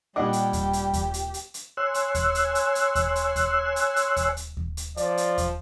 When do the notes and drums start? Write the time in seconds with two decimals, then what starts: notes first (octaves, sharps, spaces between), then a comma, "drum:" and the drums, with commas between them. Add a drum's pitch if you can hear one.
0.16 A#2 G3 D4 G4 D#5 F#5 D6
0.33 drum: hi-hat
0.53 drum: kick D#2, hi-hat
0.73 drum: hi-hat
0.93 drum: kick D#2, hi-hat
1.14 drum: hi-hat
1.34 drum: hi-hat
1.54 drum: hi-hat
1.77 C#5 G#5 C6 E6 F#6
1.94 drum: hi-hat
2.15 drum: kick D#2, hi-hat
2.35 drum: hi-hat
2.55 drum: hi-hat
2.75 drum: hi-hat
2.95 drum: kick D#2, hi-hat
3.16 drum: hi-hat
3.36 drum: kick D#2, hi-hat
3.76 drum: hi-hat
3.96 drum: hi-hat
4.16 drum: kick D#2, hi-hat
4.37 drum: hi-hat
4.57 drum: kick D#2
4.77 drum: hi-hat
4.97 F3 D5, drum: hi-hat
5.17 drum: hi-hat
5.38 drum: kick D#2, hi-hat